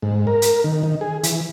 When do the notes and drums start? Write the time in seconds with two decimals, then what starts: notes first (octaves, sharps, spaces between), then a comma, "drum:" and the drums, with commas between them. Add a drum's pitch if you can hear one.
0.02 G#2
0.27 A#4
0.42 drum: hi-hat
0.64 D#3
0.83 D#3
1.01 G#4
1.23 E3, drum: hi-hat